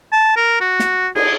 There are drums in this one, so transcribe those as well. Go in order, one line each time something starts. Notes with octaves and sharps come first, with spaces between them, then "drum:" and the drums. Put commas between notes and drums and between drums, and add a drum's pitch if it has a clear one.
A5
A#4
F#4
drum: snare
G#4, drum: cymbal